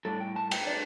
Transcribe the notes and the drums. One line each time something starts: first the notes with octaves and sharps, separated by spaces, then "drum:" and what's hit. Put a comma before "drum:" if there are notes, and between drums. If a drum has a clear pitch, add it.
A2 G3 D4 A4
G5
A5
G5, drum: cymbal
A3 D4 D5